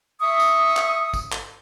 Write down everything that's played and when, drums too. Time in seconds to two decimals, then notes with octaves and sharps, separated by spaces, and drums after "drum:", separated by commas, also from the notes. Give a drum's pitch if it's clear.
0.21 E5 C#6 D#6
0.40 drum: tambourine
0.77 drum: clap
1.14 drum: kick, tambourine
1.32 drum: clap